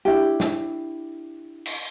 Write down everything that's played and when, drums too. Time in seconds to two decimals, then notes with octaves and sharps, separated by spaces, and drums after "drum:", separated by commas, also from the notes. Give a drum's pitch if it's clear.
0.05 D4 E4 G4
0.40 drum: snare
1.66 drum: cymbal